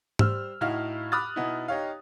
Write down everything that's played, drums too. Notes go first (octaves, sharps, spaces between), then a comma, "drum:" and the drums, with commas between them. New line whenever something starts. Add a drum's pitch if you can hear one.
G3 C5 E6 F6, drum: tom G#2
A2 D#4 E4 F#4 F5 F6
B5 D6 D#6 F6 F#6 A6
B2 B3 D#4 E4
D#4 G4 C#5 F5